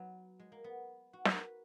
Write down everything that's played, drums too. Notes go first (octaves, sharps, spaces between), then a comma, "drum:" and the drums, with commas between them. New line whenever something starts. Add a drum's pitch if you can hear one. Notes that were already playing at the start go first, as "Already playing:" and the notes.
Already playing: F#3 B3
G#3
A#3
B3
F#4
A#4, drum: snare
B4